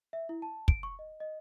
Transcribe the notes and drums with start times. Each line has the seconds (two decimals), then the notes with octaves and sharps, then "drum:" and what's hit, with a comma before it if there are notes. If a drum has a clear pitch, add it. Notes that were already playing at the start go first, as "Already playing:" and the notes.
0.13 E5
0.29 E4
0.42 A5
0.68 D7, drum: kick
0.83 C#6
0.99 D#5
1.20 D#5